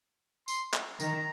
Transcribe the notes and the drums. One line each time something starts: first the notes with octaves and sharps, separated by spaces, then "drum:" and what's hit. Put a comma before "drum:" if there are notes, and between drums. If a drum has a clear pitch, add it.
C6, drum: tambourine
drum: clap
D#3 A#5, drum: tambourine